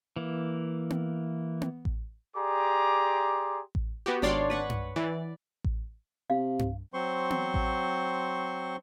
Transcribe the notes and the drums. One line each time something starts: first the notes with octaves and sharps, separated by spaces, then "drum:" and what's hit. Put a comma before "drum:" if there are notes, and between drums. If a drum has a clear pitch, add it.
E3 A#3
drum: tom B3
drum: tom B3
drum: kick A1
G4 G#4 D5 A#5 C6 D6
drum: kick A1
B3 F#4 G4
G#1 D4 C#5 D5 F5 C6
B4 F#5 C#6
drum: tom G2
E3 D5
drum: kick A1
C3 F5
drum: tom G2
F#3 C4 C5 C6 C#6
drum: tom B3
drum: kick A1